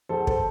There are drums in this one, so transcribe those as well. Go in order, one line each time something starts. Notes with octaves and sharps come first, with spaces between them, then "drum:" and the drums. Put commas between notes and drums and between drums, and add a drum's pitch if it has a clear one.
E2 A4 C5
A4 C5, drum: kick